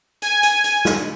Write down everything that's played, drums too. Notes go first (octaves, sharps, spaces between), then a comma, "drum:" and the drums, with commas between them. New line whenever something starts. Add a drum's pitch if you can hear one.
G#5, drum: hi-hat
drum: hi-hat
drum: hi-hat
drum: snare